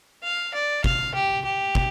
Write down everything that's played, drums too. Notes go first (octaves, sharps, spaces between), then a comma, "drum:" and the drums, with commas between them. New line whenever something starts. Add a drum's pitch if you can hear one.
F5
D5
F5, drum: kick
G4
G4
drum: kick